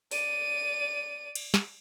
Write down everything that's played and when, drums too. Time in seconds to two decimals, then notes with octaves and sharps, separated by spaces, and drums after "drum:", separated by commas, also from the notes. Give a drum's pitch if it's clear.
0.11 D5 D#7, drum: open hi-hat
1.35 drum: cymbal
1.54 drum: snare